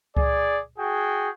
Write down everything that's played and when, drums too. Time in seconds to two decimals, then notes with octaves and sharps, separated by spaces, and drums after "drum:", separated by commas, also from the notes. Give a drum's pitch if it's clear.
0.17 G#4 D5, drum: kick C#2
0.78 F#4 G#4 G5